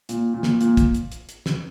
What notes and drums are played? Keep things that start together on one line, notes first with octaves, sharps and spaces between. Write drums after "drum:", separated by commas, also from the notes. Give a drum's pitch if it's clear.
A#2, drum: hi-hat
A#2
drum: snare
A#2, drum: hi-hat
drum: kick, hi-hat
drum: hi-hat
drum: hi-hat
drum: hi-hat
drum: snare